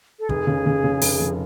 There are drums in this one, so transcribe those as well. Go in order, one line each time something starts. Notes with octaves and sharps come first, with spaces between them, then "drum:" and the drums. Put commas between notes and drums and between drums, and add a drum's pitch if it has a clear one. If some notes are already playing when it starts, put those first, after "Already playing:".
A4
F1 G#4, drum: kick
C#3
C#3
C#3
F1, drum: open hi-hat
F2